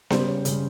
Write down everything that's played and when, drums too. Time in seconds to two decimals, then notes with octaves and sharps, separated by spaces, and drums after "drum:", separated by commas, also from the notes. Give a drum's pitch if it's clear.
0.10 C#3 G3 C5, drum: snare B3
0.28 C#5
0.45 C#3 G3, drum: hi-hat